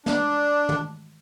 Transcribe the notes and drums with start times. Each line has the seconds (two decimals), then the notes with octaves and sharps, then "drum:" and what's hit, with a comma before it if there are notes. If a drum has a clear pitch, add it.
0.06 D4, drum: snare
0.69 drum: tom